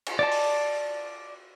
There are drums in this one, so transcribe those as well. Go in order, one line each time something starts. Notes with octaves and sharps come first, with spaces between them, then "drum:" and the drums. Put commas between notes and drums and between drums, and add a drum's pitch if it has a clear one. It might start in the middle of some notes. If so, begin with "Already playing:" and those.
drum: cymbal
D5 A5
drum: open hi-hat